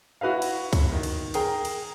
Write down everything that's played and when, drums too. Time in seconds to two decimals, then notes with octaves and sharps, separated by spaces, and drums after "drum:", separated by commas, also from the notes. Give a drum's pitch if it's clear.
0.21 E4 F#4 B4 E5 F5
0.42 drum: cymbal
0.73 drum: kick C2, cymbal
0.92 D#3
1.03 drum: cymbal
1.34 G#4 A#4 G5 A#5, drum: cymbal
1.65 drum: cymbal